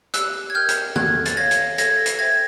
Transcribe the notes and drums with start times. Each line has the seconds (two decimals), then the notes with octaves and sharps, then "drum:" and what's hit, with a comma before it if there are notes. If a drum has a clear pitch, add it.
0.14 G4 E6 F#6, drum: hi-hat
0.50 G#6
0.54 A#4 D#5 G5 F6 G6
0.69 drum: hi-hat
0.96 A4 F#6 G#6, drum: tom
1.26 A6, drum: hi-hat
1.37 C#5 F5 G#6 A#6
1.51 drum: hi-hat
1.78 A4 G#6 A#6, drum: hi-hat
2.06 drum: hi-hat
2.19 C5 E5 G5 G#6 A#6